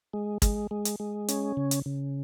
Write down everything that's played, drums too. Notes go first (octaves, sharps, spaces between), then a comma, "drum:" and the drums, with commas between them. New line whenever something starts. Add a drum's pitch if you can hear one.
G#3
G#3, drum: kick, hi-hat
G#3
drum: hi-hat
G#3
C#4, drum: hi-hat
C#3
drum: hi-hat
C#3